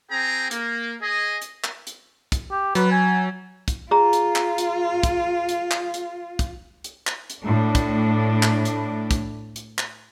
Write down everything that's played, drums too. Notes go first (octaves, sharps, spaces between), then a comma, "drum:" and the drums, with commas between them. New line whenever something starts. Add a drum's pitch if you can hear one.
C4 G#4 G5 A#5
A#3, drum: hi-hat
G#4 D#5
drum: hi-hat
drum: clap
drum: hi-hat
drum: kick, hi-hat
G4
F#3 B4, drum: hi-hat
G#5
drum: kick, hi-hat
F4 G#4 A#5
drum: hi-hat
drum: clap
drum: hi-hat
drum: kick, hi-hat
drum: hi-hat
drum: clap
drum: hi-hat
drum: kick, hi-hat
drum: hi-hat
drum: clap
drum: hi-hat
A2 D4
drum: kick, hi-hat
drum: clap
drum: hi-hat
drum: kick, hi-hat
drum: hi-hat
drum: clap